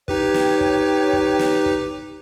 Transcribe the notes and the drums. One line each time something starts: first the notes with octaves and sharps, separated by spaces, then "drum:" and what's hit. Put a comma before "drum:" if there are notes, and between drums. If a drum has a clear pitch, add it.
D#4 G4 B4 C#5 G5, drum: kick
drum: snare
drum: kick
drum: kick
drum: snare
drum: kick